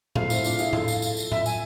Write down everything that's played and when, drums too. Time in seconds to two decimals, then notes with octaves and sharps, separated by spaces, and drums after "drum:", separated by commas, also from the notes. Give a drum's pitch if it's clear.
0.16 F3 A3 F5, drum: tom A2
0.30 C4 E4, drum: tambourine
0.44 D4 F4, drum: tambourine
0.59 E4 G#4, drum: tambourine
0.73 F4 A4, drum: tom A2
0.88 drum: tambourine
1.02 drum: tambourine
1.17 drum: tambourine
1.32 E5, drum: tom A2
1.46 G#5, drum: tambourine